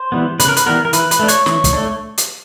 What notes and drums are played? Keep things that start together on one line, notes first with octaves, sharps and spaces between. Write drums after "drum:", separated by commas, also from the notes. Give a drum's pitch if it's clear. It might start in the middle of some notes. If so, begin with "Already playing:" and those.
Already playing: C5
E3 G3 B3
C#3 B4, drum: hi-hat
A#4
B4, drum: hi-hat
E3 G3 B3 A#4
A#4
E3 B4, drum: hi-hat
B4, drum: hi-hat
A3 D4
C#5, drum: hi-hat
E3, drum: snare
drum: kick, hi-hat
A3 D4
drum: hi-hat